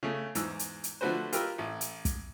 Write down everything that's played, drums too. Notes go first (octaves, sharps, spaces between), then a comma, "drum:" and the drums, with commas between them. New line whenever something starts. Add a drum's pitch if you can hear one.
C#3 A3
E2 G#2 E6, drum: hi-hat
drum: hi-hat
drum: hi-hat
D3 F3 A3 F#4 B4 C5
F4 G4 A#4 B4 E6, drum: hi-hat
A1
drum: hi-hat
drum: kick, hi-hat